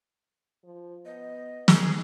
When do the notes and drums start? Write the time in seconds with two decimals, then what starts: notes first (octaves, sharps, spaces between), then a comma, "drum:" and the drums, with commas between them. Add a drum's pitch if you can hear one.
0.64 F3
1.05 B3 D#5
1.68 G3 G#4, drum: snare